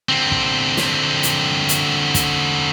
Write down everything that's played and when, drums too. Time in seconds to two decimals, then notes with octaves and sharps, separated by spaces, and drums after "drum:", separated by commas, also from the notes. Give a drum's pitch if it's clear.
0.09 D3 C4
0.32 drum: kick
0.77 drum: snare
1.23 drum: hi-hat
1.69 drum: hi-hat
2.14 drum: kick, hi-hat